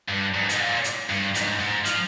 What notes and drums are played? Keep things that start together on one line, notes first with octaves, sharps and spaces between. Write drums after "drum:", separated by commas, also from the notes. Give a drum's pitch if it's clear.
G2
G#2
G#2, drum: hi-hat
A#2
drum: hi-hat
G2
G#2, drum: hi-hat
G#2
F3, drum: hi-hat